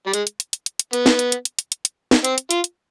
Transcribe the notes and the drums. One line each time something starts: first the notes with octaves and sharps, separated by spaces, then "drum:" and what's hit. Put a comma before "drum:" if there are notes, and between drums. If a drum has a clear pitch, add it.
G3
G#3, drum: hi-hat
drum: hi-hat
drum: hi-hat
drum: hi-hat
drum: hi-hat
drum: hi-hat
B3, drum: hi-hat
drum: snare
drum: hi-hat
drum: hi-hat
drum: hi-hat
drum: hi-hat
drum: hi-hat
drum: hi-hat
drum: snare
C4, drum: hi-hat
drum: hi-hat
F4, drum: hi-hat
drum: hi-hat